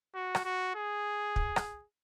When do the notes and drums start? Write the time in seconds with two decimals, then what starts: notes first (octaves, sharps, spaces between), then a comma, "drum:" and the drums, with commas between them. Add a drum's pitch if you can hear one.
0.15 F#4
0.35 drum: rim click
0.45 F#4
0.75 G#4
1.36 drum: kick
1.56 drum: rim click